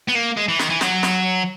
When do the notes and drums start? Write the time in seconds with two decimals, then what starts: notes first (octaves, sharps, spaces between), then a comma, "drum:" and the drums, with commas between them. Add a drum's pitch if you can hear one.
0.09 B3
0.15 A#3
0.37 G#3
0.48 E3
0.59 D#3, drum: snare
0.70 E3
0.81 F#3, drum: snare
1.03 drum: snare